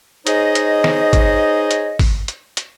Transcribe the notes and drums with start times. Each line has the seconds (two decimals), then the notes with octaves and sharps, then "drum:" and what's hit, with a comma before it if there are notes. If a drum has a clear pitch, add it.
0.27 D#4 G#4 C5 C#5 D#5, drum: hi-hat
0.55 drum: hi-hat
0.84 drum: snare
1.13 drum: kick, hi-hat
1.71 drum: hi-hat
1.99 drum: kick, open hi-hat
2.28 drum: hi-hat
2.57 drum: hi-hat